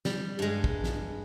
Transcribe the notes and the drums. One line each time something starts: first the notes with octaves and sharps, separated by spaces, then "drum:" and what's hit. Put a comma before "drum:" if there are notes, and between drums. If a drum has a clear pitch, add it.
G3, drum: snare
G2 G#3
drum: kick
drum: snare